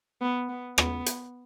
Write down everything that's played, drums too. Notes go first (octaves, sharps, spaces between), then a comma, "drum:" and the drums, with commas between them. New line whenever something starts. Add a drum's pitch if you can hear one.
B3
B3
B3, drum: rim click
drum: hi-hat